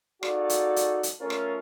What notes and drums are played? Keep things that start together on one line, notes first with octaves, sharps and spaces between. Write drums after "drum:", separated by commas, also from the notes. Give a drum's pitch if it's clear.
D#4 F#4 G#4 A4 D5 F5, drum: rim click
drum: hi-hat
drum: hi-hat
drum: hi-hat
A3 C#4 F4 A4 A#4 C#5
drum: rim click